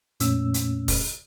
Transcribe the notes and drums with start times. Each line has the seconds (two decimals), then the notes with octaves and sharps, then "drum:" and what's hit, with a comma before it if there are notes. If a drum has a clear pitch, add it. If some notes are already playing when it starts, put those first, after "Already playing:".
0.20 F2 A#2 A3 C#4 E6, drum: hi-hat
0.54 drum: hi-hat
0.88 drum: kick F1, open hi-hat